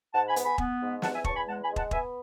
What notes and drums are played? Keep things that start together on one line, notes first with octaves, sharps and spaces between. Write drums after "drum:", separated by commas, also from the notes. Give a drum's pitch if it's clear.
G#2 F#5 A5
G#5 B5
B3, drum: hi-hat
G#5 B5
B3, drum: kick
G#2
E2 F#5 A5, drum: snare
E5 G#5
E2 A5 C#6, drum: kick
G#5 B5
G#3 F#5 A5
G#5 B5
G#3
F#5 A5, drum: kick
B3 E5 G#5, drum: kick